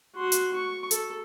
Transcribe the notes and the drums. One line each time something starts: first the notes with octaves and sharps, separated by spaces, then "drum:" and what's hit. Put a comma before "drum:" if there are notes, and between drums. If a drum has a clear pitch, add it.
F#4 C6
drum: hi-hat
C#6
A4, drum: hi-hat